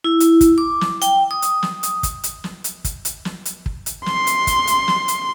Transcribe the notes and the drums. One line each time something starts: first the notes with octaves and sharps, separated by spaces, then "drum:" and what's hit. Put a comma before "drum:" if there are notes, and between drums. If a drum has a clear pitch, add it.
E4
drum: hi-hat
drum: kick, hi-hat
D6
drum: snare
G5, drum: hi-hat
D#6
drum: hi-hat
drum: snare
drum: hi-hat
drum: kick, hi-hat
drum: hi-hat
drum: snare
drum: hi-hat
drum: kick, hi-hat
drum: hi-hat
drum: snare
drum: hi-hat
drum: kick
drum: hi-hat
C6, drum: snare
drum: hi-hat
drum: kick, hi-hat
drum: hi-hat
drum: snare
drum: hi-hat